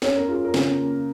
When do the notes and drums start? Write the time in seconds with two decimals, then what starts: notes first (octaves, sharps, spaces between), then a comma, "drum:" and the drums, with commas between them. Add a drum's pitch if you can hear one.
0.02 C#4 C#5, drum: snare
0.16 A#4
0.28 F4 G#4
0.44 A#4
0.54 C#3, drum: snare
0.79 A#3